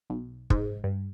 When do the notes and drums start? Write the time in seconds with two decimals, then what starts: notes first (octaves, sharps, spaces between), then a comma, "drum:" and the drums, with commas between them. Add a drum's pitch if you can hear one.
0.10 B1
0.50 G#2, drum: kick
0.84 G2